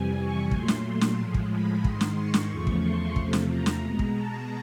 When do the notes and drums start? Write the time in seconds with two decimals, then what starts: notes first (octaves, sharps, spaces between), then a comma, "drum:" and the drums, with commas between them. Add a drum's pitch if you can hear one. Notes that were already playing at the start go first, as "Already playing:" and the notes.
Already playing: F2 C3 E3 G3 G#5
0.18 C#6
0.51 A#2 F#3 A3 C6, drum: kick
0.68 drum: snare
1.01 drum: snare
1.18 A2 F3 G#3
1.34 drum: kick
1.51 B5
1.84 G#2 D#3 G#3 C6, drum: kick
2.01 drum: snare
2.17 C#6
2.34 drum: snare
2.50 E2 C#3 F3 A3
2.67 drum: kick
2.83 C6
3.16 E2 C3 F3 A3, drum: kick
3.33 drum: snare
3.50 A#5
3.66 drum: snare
3.83 B2 G#3
3.99 drum: kick
4.15 A5